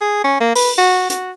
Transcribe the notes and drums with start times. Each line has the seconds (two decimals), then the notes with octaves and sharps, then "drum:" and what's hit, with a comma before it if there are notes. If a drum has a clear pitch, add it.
0.01 G#4
0.24 C#4
0.41 A#3
0.55 B4, drum: open hi-hat
0.78 F#4
1.10 F#4, drum: hi-hat